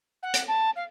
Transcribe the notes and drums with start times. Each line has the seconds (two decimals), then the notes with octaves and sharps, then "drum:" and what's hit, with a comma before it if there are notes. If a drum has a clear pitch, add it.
0.23 F#5
0.34 drum: hi-hat
0.48 A5
0.76 F5